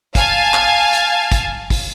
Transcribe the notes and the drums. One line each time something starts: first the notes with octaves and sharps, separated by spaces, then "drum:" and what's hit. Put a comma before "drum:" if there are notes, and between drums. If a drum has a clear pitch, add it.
F5 G#5 A5, drum: kick, hi-hat
drum: clap
drum: hi-hat
drum: kick, hi-hat
drum: kick, open hi-hat